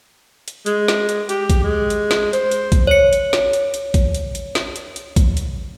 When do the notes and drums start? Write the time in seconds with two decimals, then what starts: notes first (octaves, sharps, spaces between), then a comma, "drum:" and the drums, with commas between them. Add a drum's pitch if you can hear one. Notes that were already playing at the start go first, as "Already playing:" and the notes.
0.48 drum: hi-hat
0.66 G#3, drum: hi-hat
0.88 drum: snare
1.09 drum: hi-hat
1.29 G4, drum: hi-hat
1.50 drum: kick A#1, hi-hat
1.63 G#3
1.90 drum: hi-hat
2.11 drum: snare
2.33 C5, drum: hi-hat
2.51 drum: hi-hat
2.72 drum: kick A#1, hi-hat
2.87 C#5 C#7
3.13 drum: hi-hat
3.33 drum: snare
3.53 drum: hi-hat
3.74 drum: hi-hat
3.94 drum: kick A#1, hi-hat
4.14 drum: hi-hat
4.35 drum: hi-hat
4.55 drum: snare
4.76 drum: hi-hat
4.96 drum: hi-hat
5.16 drum: kick A#1, hi-hat
5.37 drum: hi-hat